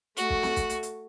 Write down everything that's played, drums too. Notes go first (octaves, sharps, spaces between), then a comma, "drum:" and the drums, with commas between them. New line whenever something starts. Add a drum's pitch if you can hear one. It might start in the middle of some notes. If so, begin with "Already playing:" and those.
A3 F#4, drum: hi-hat
drum: kick
drum: snare
drum: kick, hi-hat
drum: hi-hat
drum: hi-hat